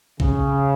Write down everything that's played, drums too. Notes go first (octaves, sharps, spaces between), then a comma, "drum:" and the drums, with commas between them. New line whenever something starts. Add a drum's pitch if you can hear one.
C#3, drum: kick